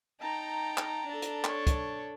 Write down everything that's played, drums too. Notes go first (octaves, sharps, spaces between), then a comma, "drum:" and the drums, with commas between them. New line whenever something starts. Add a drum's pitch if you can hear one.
D#4 G5 A5 A#5
drum: clap
D4 A4
drum: hi-hat
C#5 C#6, drum: clap
drum: kick, hi-hat